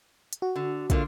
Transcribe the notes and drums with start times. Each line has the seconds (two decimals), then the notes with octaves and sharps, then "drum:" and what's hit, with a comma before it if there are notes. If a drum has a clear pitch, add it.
0.33 drum: hi-hat
0.42 F#4
0.56 D3
0.90 D3 A#3 F4, drum: kick, hi-hat